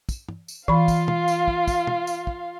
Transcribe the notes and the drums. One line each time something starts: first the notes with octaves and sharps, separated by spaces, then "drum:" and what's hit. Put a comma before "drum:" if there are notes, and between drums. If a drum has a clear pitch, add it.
drum: kick, tambourine
drum: tom
drum: tambourine
E3 F4 F5 B5, drum: kick
drum: kick, tambourine
drum: tom
drum: tambourine
drum: kick
drum: kick, tambourine
drum: tom
drum: tambourine
drum: kick